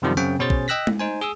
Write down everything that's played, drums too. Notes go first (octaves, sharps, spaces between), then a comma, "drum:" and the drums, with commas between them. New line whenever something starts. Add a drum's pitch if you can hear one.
F#2 C3 D#3 F3 G3
F#2 C#3 C4 G5
B2 C#4 G#4 C5 A6
drum: kick
D#5 G5 E6 F#6 A#6 B6
drum: tom G#3
D#4 C5 G#5
G#4 D#6 E6